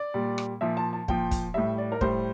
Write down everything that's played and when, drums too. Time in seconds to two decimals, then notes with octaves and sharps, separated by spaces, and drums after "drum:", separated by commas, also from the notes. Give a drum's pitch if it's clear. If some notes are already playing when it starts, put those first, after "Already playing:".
Already playing: D5
0.14 A#2 G3
0.38 drum: rim click
0.61 A#2 F3 E5
0.77 A5
0.93 A5
1.08 A#2 F3 G5, drum: kick
1.31 drum: kick, hi-hat
1.54 A2 G3 E5
1.78 D5
1.92 A#4
2.01 A2 G3 C5, drum: kick